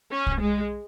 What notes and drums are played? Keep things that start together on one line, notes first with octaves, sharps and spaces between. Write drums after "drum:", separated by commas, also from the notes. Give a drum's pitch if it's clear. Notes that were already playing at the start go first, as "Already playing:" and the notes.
C#4
drum: kick
G#3